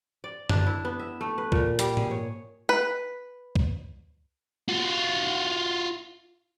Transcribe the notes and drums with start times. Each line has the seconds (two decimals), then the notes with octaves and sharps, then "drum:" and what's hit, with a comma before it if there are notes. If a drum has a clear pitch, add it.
0.24 D5
0.49 D4, drum: tom F#2
0.66 E4
0.85 B3
0.99 E5
1.21 A3
1.38 B4
1.52 A#2, drum: kick
1.79 G3, drum: hi-hat
1.97 G#4, drum: tom
2.11 C#5
2.69 B4
3.56 drum: kick
4.69 F4 F#4